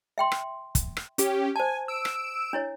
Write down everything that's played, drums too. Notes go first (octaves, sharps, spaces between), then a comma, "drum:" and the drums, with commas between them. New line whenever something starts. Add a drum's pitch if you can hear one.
E5 G5 C6
drum: rim click
drum: kick, hi-hat
drum: rim click
C#4 G4, drum: hi-hat
C5 G#5 A5
E6 D7
drum: rim click
D4 E4 C#5